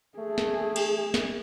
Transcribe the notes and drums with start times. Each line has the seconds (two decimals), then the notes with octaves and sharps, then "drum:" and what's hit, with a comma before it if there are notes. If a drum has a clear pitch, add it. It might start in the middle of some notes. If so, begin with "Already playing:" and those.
0.19 A3 G#4
0.38 drum: snare
0.76 drum: cymbal
1.14 drum: snare